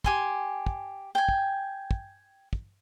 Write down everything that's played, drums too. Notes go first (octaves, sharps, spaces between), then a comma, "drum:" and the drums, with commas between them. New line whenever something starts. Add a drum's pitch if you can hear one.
G4 G#5 C6, drum: kick
drum: kick
G5 G#5
drum: kick
drum: kick
drum: kick